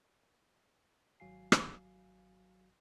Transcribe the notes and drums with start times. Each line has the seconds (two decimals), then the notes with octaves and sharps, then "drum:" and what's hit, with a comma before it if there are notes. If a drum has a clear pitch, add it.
1.20 G#1 F#3 F#4 F5 G#5 C7
1.52 drum: rim click